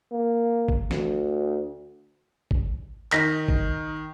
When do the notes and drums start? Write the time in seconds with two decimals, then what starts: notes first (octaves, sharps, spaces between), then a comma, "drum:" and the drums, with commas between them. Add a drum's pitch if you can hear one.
0.12 A#3
0.68 drum: kick G#1
0.91 D2, drum: snare
2.51 drum: kick G#1
3.12 D#3 D#4 A#6 B6, drum: clap
3.48 drum: kick G#1